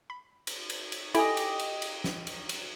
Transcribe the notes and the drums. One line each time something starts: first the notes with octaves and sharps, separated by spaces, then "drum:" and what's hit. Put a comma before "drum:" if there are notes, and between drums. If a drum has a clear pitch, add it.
B5
drum: cymbal
drum: cymbal
drum: cymbal
E4 G4 A4 D#5 G#5, drum: cymbal
drum: cymbal
drum: cymbal
drum: cymbal
drum: snare
drum: cymbal
drum: cymbal